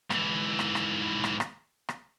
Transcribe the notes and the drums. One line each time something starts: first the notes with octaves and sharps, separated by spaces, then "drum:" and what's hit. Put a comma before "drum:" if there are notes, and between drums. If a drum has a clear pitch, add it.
G#2 E3, drum: rim click
drum: rim click
drum: rim click
drum: rim click
drum: rim click
drum: rim click